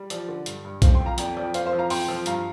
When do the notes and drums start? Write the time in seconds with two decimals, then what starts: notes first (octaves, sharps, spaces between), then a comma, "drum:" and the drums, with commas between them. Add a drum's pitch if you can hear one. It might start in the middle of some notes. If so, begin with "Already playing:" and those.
Already playing: G3
0.10 F3 D5, drum: hi-hat
0.28 D3
0.46 G2, drum: hi-hat
0.65 G2
0.82 F2 C5 F5, drum: kick, hi-hat
0.94 G5 C6
1.00 F3
1.06 F5 A#5
1.18 F2 D5 G5, drum: hi-hat
1.37 F3 D5 G5
1.54 F2 C5 F5, drum: hi-hat
1.66 C5 F5
1.73 F3
1.79 F5 A#5
1.90 F2 G5 C6, drum: open hi-hat
2.08 F3
2.26 G2 F5 A#5, drum: hi-hat